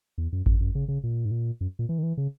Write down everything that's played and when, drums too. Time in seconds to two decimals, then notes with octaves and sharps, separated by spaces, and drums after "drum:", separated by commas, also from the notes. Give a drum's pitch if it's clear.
0.18 E2
0.32 F#2
0.46 F#2, drum: kick G#1
0.60 F#2
0.75 C#3
0.88 C#3
1.03 A#2
1.25 G#2
1.31 A#2
1.61 F#2
1.79 A#2
1.89 E3
1.98 D#3
2.03 E3
2.17 C#3